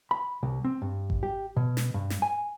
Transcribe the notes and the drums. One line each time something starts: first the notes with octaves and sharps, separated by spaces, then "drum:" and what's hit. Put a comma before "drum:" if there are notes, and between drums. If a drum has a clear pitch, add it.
B5
C2
C4
G2
drum: kick G1
G4
B2
drum: snare
G2
drum: snare
G#5